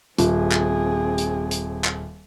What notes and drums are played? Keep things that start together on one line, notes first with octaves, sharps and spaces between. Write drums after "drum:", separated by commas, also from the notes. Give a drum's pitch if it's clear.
D#1 C4 G#4, drum: hi-hat
drum: clap
drum: hi-hat
drum: hi-hat
drum: clap